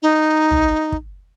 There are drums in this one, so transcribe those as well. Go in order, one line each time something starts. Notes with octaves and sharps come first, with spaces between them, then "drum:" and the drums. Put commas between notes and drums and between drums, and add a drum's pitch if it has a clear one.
D#4
drum: tom
drum: kick